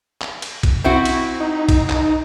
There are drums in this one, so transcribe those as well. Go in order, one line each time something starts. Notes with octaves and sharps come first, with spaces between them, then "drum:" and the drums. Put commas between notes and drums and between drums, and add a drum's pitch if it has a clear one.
drum: clap
drum: cymbal
drum: kick, cymbal
C4 E4 F#4
drum: cymbal
D#4
drum: kick, cymbal
drum: clap